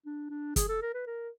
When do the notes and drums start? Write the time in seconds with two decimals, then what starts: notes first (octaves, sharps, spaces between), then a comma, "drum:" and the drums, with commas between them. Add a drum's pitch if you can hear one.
0.06 D4
0.30 D4
0.56 G#4, drum: kick, hi-hat
0.68 A4
0.82 A#4
0.94 B4
1.07 A#4